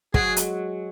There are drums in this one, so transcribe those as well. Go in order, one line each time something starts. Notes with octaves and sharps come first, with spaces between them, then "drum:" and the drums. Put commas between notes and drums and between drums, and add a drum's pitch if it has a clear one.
F#3 G#3 G#4, drum: kick
drum: hi-hat